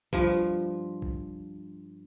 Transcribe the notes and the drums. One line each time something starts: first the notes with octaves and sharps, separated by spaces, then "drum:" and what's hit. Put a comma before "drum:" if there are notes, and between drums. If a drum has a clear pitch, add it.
G2 F3, drum: kick A#1
drum: kick A#1